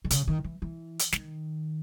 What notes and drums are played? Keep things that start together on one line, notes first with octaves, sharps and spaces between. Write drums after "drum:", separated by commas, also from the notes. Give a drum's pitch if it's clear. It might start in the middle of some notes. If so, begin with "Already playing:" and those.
D#3
C#3, drum: hi-hat
D#3
E3
E3
drum: hi-hat
D#3, drum: snare